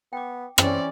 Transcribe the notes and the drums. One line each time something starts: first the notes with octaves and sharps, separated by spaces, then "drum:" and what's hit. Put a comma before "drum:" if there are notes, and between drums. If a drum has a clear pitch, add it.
B3 G5 D6
E3 C4 C#4 G#4 D5 G5 G#5, drum: rim click